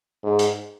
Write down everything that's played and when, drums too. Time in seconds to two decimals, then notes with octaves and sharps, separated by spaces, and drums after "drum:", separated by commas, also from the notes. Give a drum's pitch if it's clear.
0.24 G#2
0.39 drum: hi-hat